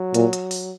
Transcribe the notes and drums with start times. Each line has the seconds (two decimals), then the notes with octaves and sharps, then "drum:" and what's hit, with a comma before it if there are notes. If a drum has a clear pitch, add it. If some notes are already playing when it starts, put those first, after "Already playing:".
Already playing: F#3
0.14 A#2, drum: hi-hat
0.33 drum: hi-hat
0.51 drum: open hi-hat